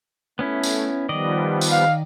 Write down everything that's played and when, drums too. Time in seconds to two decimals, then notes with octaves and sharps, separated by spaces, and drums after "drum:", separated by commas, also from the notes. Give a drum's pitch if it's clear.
0.39 A3 B3 C#4 E4
0.63 drum: tambourine
1.09 D#3 F3 G3 B3 D5 D#5
1.61 drum: tambourine
1.71 F5